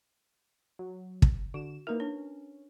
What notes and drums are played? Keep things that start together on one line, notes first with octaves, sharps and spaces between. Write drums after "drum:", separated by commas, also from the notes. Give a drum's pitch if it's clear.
F#3
drum: kick
D3 F#4 E7
A#3 D#4 E4 A#4 B4
C#4 D4